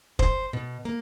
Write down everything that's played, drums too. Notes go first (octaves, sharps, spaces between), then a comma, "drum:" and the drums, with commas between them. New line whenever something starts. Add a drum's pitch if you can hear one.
C5, drum: kick
B2
A#3